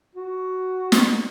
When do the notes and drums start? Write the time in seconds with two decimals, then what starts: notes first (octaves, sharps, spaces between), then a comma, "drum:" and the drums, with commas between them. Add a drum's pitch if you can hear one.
0.16 F#4
0.92 drum: snare